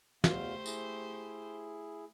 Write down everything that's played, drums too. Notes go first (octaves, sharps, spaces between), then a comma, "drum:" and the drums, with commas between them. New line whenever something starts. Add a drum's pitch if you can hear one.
E2 B2 A3 G4 C5 F5, drum: snare
E4 G#4, drum: tambourine